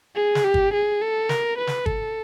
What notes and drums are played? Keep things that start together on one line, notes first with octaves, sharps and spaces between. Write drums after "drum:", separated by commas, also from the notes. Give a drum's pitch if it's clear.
G#4
drum: snare
G4
drum: kick G1
G#4
A4
A#4, drum: snare
B4
drum: snare
A4, drum: kick G1